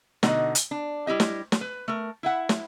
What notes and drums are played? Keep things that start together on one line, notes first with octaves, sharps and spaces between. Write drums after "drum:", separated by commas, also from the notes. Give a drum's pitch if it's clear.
B2 D3 D#4 D#5 F#5, drum: snare
drum: hi-hat
D4
G3 E4 G4 D#5
drum: snare
drum: snare
B4
A3 A#4
E4 E5 F#5
drum: snare